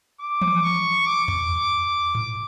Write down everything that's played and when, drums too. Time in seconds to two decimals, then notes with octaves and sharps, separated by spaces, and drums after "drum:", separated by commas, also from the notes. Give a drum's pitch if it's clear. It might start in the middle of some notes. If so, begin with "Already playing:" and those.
0.20 D6
0.41 drum: tom E3
0.63 C#6
1.06 D6
1.28 drum: tom E2
2.15 drum: tom G#2